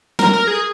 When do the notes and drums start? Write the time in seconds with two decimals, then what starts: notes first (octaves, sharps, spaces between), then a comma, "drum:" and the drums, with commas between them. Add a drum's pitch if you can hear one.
0.19 A#4, drum: snare
0.33 A#4
0.47 G#4